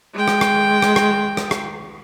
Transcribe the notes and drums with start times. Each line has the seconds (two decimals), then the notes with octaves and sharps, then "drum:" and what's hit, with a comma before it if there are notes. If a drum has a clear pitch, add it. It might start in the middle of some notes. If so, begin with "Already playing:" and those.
0.14 G#3 G5
0.28 drum: rim click
0.41 drum: rim click
0.82 drum: rim click
0.96 drum: rim click
1.37 drum: rim click
1.51 drum: rim click